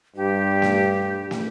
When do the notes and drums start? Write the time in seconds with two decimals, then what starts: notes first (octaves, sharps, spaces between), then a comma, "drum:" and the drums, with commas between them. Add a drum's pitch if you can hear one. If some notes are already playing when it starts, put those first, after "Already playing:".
0.16 G2 G4
0.62 drum: snare
1.31 drum: snare